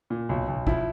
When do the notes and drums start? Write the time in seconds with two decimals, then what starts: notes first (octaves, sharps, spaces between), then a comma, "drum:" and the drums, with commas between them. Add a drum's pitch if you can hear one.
0.10 A#2
0.29 B1
0.48 B1
0.67 F3 E4, drum: kick